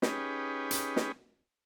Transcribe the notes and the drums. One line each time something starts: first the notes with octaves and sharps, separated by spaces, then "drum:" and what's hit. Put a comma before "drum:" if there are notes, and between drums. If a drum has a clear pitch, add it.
C#4 D#4 G4 G#4 B4, drum: snare
drum: hi-hat
drum: snare